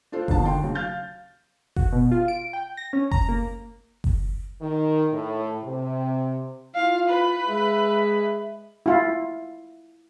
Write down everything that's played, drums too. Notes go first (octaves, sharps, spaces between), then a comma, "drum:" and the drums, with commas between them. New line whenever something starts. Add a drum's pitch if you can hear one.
D4 F4 A4 C5
E1 A#1 B2 D#3 A5, drum: kick F#1
D3 D#3 G5 C6
D#2 C#3 F#3
F5 F6 G6 A6
F#4, drum: kick F#1
B2
F4
D7
G5
A#6
C#4
A#5, drum: kick F#1
A#3
drum: kick F#1
D#3
A2
C3
E4 F4 F5
B4
G#3 G#4 E5
E4 F4